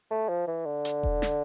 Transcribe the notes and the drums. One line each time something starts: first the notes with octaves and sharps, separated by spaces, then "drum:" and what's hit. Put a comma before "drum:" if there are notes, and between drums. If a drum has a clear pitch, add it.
A3
F3
E3
D3
drum: hi-hat
drum: kick E1
drum: snare